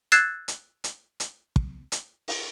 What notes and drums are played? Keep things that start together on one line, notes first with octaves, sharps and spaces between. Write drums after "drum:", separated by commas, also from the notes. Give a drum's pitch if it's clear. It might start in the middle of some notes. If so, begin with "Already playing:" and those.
E6 F#6 G#6 A6 C7 E7, drum: hi-hat
drum: hi-hat
drum: hi-hat
drum: hi-hat
drum: kick
drum: hi-hat
drum: open hi-hat